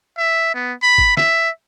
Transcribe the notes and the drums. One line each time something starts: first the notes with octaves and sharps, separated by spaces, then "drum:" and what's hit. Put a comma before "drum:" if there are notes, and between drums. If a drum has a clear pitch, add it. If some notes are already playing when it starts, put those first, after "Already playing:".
E5
B3
B5
drum: kick
E5, drum: snare